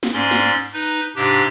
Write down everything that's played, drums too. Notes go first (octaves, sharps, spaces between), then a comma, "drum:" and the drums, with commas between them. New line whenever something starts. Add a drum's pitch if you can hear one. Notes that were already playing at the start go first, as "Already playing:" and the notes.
drum: snare
G#2 C#4 D5 C6
drum: snare
drum: cymbal
D#4 B4
G#2 C3 D4 G4